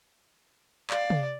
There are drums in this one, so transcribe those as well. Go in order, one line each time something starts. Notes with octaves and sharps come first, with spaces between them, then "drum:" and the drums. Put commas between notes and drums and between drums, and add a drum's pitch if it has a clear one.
D5 F5, drum: clap
drum: tom